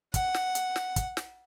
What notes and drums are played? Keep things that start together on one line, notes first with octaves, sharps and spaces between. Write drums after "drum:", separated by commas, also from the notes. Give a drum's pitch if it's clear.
F#5, drum: kick, hi-hat
drum: snare
drum: hi-hat
drum: snare
drum: kick, hi-hat
drum: snare